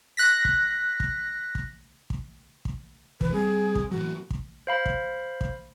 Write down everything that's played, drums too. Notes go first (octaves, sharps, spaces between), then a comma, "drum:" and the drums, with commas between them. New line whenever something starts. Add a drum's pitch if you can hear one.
F#6 A#6 B6
drum: kick
drum: kick
drum: kick
drum: kick
drum: kick
E1 E3 B4, drum: kick
G3 C4 G#4
drum: kick
A2 E3 F#3 F#4
drum: kick
C5 F5 B5
drum: kick
drum: kick